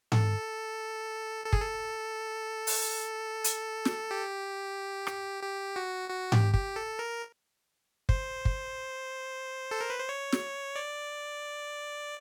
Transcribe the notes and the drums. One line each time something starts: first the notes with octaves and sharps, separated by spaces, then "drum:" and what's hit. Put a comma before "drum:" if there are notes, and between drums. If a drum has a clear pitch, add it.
A4, drum: tom G#2
A4
G#4, drum: kick
A4
drum: open hi-hat
drum: hi-hat
drum: snare
G4
drum: rim click
G4
F#4
F#4
G4, drum: tom G#2
G4, drum: kick
A4
A#4
C5, drum: kick
drum: kick
A4
A#4
B4
C5
C#5
drum: snare
D5